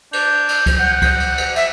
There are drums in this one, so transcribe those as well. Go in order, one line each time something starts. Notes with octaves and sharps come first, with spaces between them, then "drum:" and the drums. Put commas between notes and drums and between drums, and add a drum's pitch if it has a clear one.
D4 G6, drum: cymbal
drum: cymbal
drum: kick C#2, cymbal
F#5
drum: kick C#2, cymbal
drum: cymbal
drum: cymbal
E5, drum: cymbal